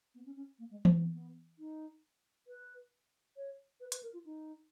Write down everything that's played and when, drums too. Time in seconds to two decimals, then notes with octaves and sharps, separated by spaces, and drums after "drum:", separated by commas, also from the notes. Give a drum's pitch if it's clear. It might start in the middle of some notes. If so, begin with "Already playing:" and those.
0.15 B3
0.26 C#4
0.36 C#4
0.59 A#3
0.71 G#3
0.85 A#3, drum: tom E3
0.99 B3
1.14 B3
1.59 D#4
2.47 B4
3.37 C#5
3.80 B4
3.92 B4, drum: hi-hat
4.03 A#4
4.13 F4
4.25 D#4